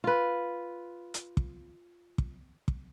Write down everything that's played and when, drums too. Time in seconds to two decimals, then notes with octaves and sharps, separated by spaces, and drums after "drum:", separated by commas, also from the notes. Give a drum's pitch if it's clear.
0.04 F4 B4
1.14 drum: hi-hat
1.37 drum: kick
2.18 drum: kick
2.68 drum: kick